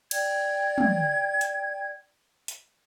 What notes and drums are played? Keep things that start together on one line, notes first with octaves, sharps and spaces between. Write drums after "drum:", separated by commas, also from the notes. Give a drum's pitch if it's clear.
D5 G5 G#6, drum: cymbal
drum: tom
drum: hi-hat
drum: hi-hat